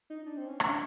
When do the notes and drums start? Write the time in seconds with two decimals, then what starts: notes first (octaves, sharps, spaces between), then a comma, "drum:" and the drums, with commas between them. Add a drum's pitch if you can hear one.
0.10 D#4
0.23 D#4
0.26 D4
0.37 C4
0.49 C#4
0.60 D4, drum: rim click